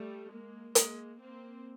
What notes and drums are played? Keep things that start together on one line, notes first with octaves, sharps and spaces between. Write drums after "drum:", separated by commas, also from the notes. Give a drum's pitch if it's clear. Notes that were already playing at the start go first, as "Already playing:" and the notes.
Already playing: G3 A3
G#3 A#3
G#3 A#3, drum: hi-hat
A#3 C4